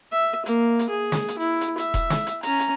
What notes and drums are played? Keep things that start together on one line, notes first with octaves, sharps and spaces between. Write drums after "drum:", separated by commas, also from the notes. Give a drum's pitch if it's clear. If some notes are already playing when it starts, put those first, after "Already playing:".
E5
A#3, drum: hi-hat
drum: hi-hat
G#4
drum: snare
drum: hi-hat
E4
drum: hi-hat
E5, drum: hi-hat
drum: kick E1, hi-hat
drum: snare
drum: hi-hat
C#4 A#5, drum: hi-hat
drum: hi-hat